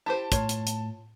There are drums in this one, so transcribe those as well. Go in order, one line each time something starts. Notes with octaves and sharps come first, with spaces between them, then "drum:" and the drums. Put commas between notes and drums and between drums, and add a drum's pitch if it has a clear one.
E4 G4 C5 A5
A2 F4 C#5, drum: kick, hi-hat
drum: hi-hat
drum: hi-hat